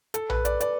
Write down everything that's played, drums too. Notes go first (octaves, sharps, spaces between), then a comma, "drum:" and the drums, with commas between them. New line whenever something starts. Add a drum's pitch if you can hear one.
A4, drum: hi-hat
B4, drum: tom A#1
D5, drum: hi-hat
D5, drum: hi-hat